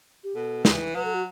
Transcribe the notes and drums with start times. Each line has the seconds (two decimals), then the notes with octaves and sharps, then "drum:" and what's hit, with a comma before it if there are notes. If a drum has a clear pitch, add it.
0.24 G4
0.35 B2 A4
0.65 E3, drum: snare
0.95 F#3 B4
1.05 A4
1.14 F#4